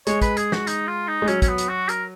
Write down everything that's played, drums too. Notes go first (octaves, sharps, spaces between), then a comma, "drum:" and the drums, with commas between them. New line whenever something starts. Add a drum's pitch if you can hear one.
G#3 C#5, drum: hi-hat
B4, drum: kick, hi-hat
G#4, drum: hi-hat
F#4, drum: snare
D#4, drum: hi-hat
F4
D#4
G#3
F#3 C#4, drum: hi-hat
C#4, drum: kick, hi-hat
B3
drum: hi-hat
F#4
A#4, drum: hi-hat